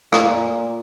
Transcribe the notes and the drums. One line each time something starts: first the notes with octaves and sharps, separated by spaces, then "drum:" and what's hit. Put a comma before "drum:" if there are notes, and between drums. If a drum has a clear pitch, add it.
A#2 F5 A#5 C6, drum: rim click